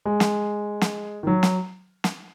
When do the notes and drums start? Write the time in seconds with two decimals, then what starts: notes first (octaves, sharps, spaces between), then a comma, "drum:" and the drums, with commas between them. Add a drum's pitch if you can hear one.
0.05 G#3
0.20 drum: snare
0.81 drum: snare
1.23 D#3
1.27 F#3
1.43 drum: snare
2.04 drum: snare